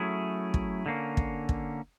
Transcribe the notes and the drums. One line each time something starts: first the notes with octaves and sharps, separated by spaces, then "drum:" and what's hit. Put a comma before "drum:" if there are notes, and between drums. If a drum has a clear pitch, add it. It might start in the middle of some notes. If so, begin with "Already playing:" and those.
Already playing: F#3 A3 C#4 E4 G#4
drum: kick
D3 F#3 A#3 C#4
drum: kick
drum: kick